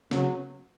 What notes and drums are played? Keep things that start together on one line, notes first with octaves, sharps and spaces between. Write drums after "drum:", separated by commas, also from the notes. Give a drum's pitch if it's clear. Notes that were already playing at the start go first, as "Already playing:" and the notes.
C#3 F#3, drum: snare